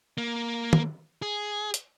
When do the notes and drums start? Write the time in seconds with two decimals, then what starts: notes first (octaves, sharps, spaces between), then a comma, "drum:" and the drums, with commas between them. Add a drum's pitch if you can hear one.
0.18 A#3
0.73 drum: tom
1.22 G#4
1.74 drum: hi-hat